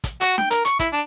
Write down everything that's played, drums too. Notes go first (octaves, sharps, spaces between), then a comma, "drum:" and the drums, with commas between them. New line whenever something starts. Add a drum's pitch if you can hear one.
drum: kick, hi-hat
F#4, drum: hi-hat
G5, drum: snare
A#4, drum: hi-hat
C#6, drum: hi-hat
E4, drum: kick, hi-hat
D4